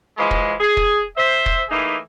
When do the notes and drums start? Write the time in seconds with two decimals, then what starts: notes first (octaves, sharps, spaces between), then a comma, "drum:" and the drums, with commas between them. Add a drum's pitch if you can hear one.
0.17 E3 F3 G#3
0.31 drum: kick
0.59 G#4
0.77 drum: kick
1.16 C5 E5
1.46 drum: kick
1.69 E3 A3 A#3 D#4 G#4